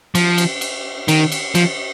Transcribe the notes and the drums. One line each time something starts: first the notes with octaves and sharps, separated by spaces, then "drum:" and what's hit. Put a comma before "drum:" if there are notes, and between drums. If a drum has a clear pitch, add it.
F3, drum: cymbal
drum: cymbal
drum: cymbal
D#3, drum: cymbal
drum: cymbal
F3, drum: cymbal